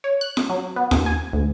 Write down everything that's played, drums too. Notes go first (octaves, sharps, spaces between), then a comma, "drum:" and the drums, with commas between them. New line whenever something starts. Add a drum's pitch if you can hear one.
C#5
F#6
drum: snare F4
F#3
B3
D#2, drum: snare F4
G#5
D2